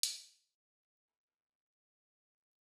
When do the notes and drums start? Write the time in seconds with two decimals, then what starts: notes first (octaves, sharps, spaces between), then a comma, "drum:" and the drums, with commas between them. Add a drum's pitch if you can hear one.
0.03 drum: hi-hat
0.18 B4
0.77 E5 F5
1.07 E4 A4 G#5 A#5 B5 E6
1.26 F3 G#3 E4 B4 D#6 F6
1.47 C#4 D4 C#5
2.34 D#3 G#3